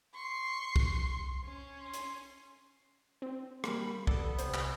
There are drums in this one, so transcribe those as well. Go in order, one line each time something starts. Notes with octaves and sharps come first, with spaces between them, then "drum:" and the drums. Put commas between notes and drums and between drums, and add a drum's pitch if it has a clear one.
C6 C#6 C7
drum: kick B1
C#4
C6
drum: hi-hat
C4
G3 A#3 B5, drum: rim click
B3 A4 D5, drum: kick B1
C3 C5, drum: hi-hat
drum: clap